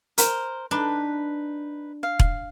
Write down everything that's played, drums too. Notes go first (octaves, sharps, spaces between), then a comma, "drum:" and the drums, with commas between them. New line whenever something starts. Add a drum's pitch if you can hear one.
A#4 C5, drum: hi-hat
D4 D#4 B4 B5
F5
drum: kick E1